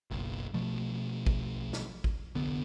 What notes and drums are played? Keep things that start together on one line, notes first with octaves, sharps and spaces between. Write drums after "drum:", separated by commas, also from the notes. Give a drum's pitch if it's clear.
F#1 B1
B2 F3 A3
drum: kick
drum: snare
drum: kick
F1 D3 B3